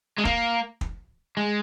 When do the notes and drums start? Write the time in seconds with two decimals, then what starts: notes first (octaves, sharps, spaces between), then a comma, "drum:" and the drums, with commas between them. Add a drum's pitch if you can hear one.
0.18 G#3
0.25 A#3, drum: kick
0.81 drum: kick
1.37 G#3